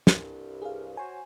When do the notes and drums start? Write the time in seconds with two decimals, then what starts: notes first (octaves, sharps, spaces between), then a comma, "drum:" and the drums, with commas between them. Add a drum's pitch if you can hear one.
0.07 C2 G2, drum: snare
0.62 G#4 F5
0.97 F#4 C5 C#5 G#5